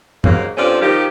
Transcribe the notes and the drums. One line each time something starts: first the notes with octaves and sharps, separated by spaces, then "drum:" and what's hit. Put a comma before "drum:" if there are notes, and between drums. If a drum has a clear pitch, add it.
D#2 G#2 C#3 F#3 A#3, drum: tom G2
G2 C4 C#4 F4 A4 D5
D#3 F3 G4